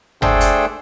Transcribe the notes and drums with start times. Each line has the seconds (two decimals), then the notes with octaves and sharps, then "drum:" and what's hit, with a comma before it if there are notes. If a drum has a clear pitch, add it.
0.22 A3 D4 G#4 A4 C5 G5, drum: tom G1
0.41 drum: hi-hat